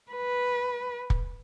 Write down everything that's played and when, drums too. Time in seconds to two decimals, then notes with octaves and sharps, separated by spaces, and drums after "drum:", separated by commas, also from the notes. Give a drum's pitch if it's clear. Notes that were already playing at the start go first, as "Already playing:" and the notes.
0.12 B4
1.10 drum: kick